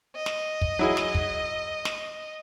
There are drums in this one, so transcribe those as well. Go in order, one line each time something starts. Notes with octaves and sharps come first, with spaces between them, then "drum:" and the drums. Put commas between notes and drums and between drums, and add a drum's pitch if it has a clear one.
D#5
drum: snare
drum: kick
F#3 E4 G#4
drum: snare
drum: kick
drum: snare